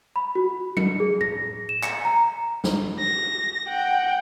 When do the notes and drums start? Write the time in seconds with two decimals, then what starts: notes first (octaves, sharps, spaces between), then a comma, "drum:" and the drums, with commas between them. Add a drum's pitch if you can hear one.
0.16 B5
0.35 F#4
0.77 C#7, drum: tom F#3
1.00 G#4
1.21 A#6, drum: tom A2
1.69 E7
1.83 C#7, drum: clap
2.05 A#5
2.64 drum: snare
3.00 A#6
3.69 F#5 G5